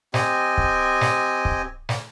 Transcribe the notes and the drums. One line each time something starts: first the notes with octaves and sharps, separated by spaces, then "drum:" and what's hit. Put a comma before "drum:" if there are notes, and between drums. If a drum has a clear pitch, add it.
C4 G4 D#5 G#5, drum: snare
drum: kick
drum: snare
drum: kick
drum: snare